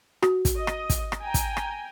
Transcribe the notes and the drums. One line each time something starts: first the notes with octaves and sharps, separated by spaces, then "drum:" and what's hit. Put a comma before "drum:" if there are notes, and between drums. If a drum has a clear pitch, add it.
F#4, drum: rim click
drum: kick, hi-hat
D#5
drum: rim click
drum: kick, hi-hat
drum: rim click
G5 G#5 A#5
drum: kick, hi-hat
drum: rim click